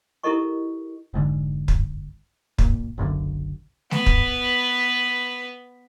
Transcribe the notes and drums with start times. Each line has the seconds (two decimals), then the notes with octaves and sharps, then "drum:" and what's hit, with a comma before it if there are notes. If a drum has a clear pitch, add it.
0.23 E4 G4 A4 A#4 D#5 C#6
1.14 F1 G#2 D3
1.68 drum: kick
2.58 A#2, drum: kick
2.98 F#1 B1 F#2 D3
3.91 B3 B4, drum: snare A3
4.06 drum: kick